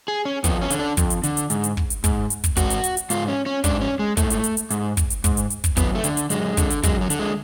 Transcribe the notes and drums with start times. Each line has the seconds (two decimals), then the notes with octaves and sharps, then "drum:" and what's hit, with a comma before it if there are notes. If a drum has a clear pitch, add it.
0.08 G#4
0.25 C#4
0.44 F2 B3, drum: kick, hi-hat
0.61 C#4
0.71 D3, drum: hi-hat
0.79 D4
0.97 F2, drum: kick, hi-hat
1.10 drum: hi-hat
1.24 D3, drum: hi-hat
1.37 drum: hi-hat
1.50 G#2, drum: hi-hat
1.64 drum: hi-hat
1.77 drum: kick
1.90 drum: hi-hat
2.04 G#2, drum: kick, hi-hat
2.30 drum: hi-hat
2.44 drum: kick, hi-hat
2.57 G#2 F#4, drum: kick, hi-hat
2.70 drum: hi-hat
2.84 drum: hi-hat
2.97 drum: hi-hat
3.10 G#2 F4, drum: hi-hat
3.28 C#4
3.46 C#4
3.64 G#2 D4, drum: kick, hi-hat
3.81 C#4
3.99 G#3
4.17 G#2 A3, drum: kick, hi-hat
4.30 drum: hi-hat
4.44 drum: hi-hat
4.57 drum: hi-hat
4.71 G#2, drum: hi-hat
4.97 drum: kick, hi-hat
5.10 drum: hi-hat
5.24 G#2, drum: kick, hi-hat
5.37 drum: hi-hat
5.50 drum: hi-hat
5.64 drum: kick, hi-hat
5.77 F#2 B3, drum: kick, hi-hat
5.95 A3
6.04 D3, drum: hi-hat
6.17 drum: hi-hat
6.30 F#2 G#3, drum: hi-hat
6.57 D3, drum: kick, hi-hat
6.70 drum: hi-hat
6.83 F#2 G#3, drum: kick, hi-hat
7.01 F#3
7.10 D3, drum: hi-hat
7.19 G#3